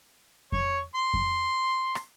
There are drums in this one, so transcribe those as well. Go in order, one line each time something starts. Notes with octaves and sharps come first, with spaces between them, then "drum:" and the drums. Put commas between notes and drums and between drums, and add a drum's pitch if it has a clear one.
C#5, drum: kick F2
C6
drum: kick F2
drum: rim click